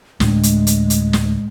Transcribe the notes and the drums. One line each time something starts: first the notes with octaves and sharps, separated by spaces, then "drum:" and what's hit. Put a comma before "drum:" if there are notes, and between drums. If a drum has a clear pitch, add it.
D2 A2 G#3 D4, drum: snare
drum: hi-hat
drum: hi-hat
drum: hi-hat
drum: snare